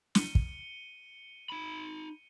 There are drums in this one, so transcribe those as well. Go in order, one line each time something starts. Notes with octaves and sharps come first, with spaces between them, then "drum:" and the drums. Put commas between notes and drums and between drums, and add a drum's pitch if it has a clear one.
C#7 D#7 G7, drum: snare
drum: kick
D#4 B5